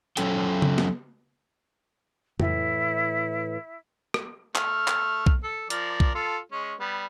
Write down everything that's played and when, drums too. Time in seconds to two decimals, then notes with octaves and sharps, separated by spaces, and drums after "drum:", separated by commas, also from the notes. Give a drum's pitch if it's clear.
0.17 F#3 C#4 A4 G5, drum: hi-hat
0.62 drum: tom C#3
0.78 drum: snare
2.40 A2 E3 E4, drum: tom F2
4.14 drum: rim click
4.56 A3 F6, drum: clap
4.88 drum: clap
5.26 drum: kick B1
5.43 A4
5.70 F3 A#4 D5, drum: hi-hat
6.00 drum: kick B1
6.15 F4 A4
6.52 G#3 C#4
6.80 G3 B3